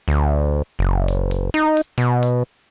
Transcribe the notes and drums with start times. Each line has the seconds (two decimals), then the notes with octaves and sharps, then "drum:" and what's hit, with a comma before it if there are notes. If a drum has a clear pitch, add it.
0.08 D2
0.79 F#1
1.08 drum: hi-hat
1.31 drum: hi-hat
1.54 D#4, drum: hi-hat
1.77 drum: hi-hat
1.98 B2, drum: hi-hat
2.23 drum: hi-hat